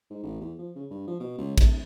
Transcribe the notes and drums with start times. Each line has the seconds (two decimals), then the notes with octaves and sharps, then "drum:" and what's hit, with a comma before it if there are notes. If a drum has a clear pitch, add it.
0.10 G#2
0.23 A1
0.41 E2
0.59 F3
0.76 C#3
0.90 G2
1.07 F3
1.20 B2
1.38 C#2
1.58 D1, drum: kick, cymbal